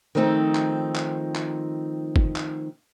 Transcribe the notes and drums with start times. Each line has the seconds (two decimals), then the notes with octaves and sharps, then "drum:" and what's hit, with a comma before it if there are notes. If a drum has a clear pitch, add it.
0.15 D#3 F3 A3 C4 C#4 D#4
0.55 drum: clap
0.95 drum: clap
1.35 drum: clap
2.16 drum: kick
2.36 drum: clap